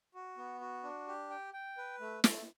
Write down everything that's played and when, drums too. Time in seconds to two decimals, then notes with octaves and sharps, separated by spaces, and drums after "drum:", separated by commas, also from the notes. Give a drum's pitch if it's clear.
0.15 F#4
0.37 B3
0.61 F#4
0.83 D4
1.08 G4
1.30 G5
1.53 G5
1.78 B4
2.00 A3
2.24 A3, drum: snare